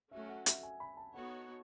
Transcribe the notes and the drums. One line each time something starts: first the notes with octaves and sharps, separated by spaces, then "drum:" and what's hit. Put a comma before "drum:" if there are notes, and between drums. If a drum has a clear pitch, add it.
F#3 A3 C#4 F#4 E5
F#5
E5, drum: hi-hat
G#5
B5
A5
B3 D#4 F#4 A4 C#5 F#5